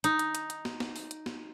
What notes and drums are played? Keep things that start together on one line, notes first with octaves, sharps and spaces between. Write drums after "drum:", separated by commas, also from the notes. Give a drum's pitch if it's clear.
D#4, drum: hi-hat
drum: hi-hat
drum: hi-hat
drum: hi-hat
drum: snare
drum: snare
drum: open hi-hat
drum: hi-hat
drum: snare